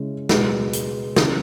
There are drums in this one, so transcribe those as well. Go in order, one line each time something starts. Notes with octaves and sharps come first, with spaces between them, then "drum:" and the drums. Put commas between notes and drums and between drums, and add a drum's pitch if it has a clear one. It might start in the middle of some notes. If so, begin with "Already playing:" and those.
Already playing: C#3 G#3 C#4 E4
B2 G#3 B3, drum: snare
drum: hi-hat
C#3 E3 B3, drum: snare